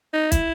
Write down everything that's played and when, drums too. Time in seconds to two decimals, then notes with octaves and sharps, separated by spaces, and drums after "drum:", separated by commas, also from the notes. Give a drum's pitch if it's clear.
0.13 D#4
0.32 E4, drum: kick, hi-hat